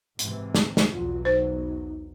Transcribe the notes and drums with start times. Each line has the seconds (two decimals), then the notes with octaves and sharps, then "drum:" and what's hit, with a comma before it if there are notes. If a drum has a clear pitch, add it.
0.19 G#2 C3 E3, drum: hi-hat
0.55 drum: snare
0.77 drum: snare
0.92 B1 E2 F#3 F4
1.25 D#4 C5